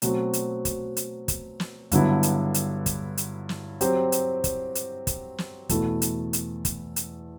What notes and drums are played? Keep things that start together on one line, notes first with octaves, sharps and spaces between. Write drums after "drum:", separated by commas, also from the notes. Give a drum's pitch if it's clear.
B2 F#3 A3 C4 F#4, drum: hi-hat
drum: hi-hat
drum: kick, hi-hat
drum: hi-hat
drum: kick, hi-hat
drum: snare
G2 D3 F#3 B3 E4, drum: kick, hi-hat
drum: hi-hat
drum: hi-hat
drum: kick, hi-hat
drum: hi-hat
drum: snare
F#3 C4 G4 C5, drum: hi-hat
drum: hi-hat
drum: kick, hi-hat
drum: hi-hat
drum: kick, hi-hat
drum: snare
E2 B2 A3 E4 A4, drum: kick, hi-hat
drum: hi-hat
drum: hi-hat
drum: kick, hi-hat
drum: hi-hat